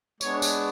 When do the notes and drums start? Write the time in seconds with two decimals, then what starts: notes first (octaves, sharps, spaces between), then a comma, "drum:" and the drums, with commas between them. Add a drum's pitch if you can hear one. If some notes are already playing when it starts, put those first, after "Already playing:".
0.21 G#3 B3 D4 C#5, drum: tambourine
0.42 drum: tambourine